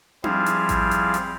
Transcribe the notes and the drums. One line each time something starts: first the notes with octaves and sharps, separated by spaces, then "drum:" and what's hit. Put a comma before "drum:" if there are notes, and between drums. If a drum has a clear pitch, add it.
F3 G3 C4 E4 G#4 F5, drum: tom D4
drum: hi-hat
drum: kick A1, hi-hat
drum: hi-hat
drum: hi-hat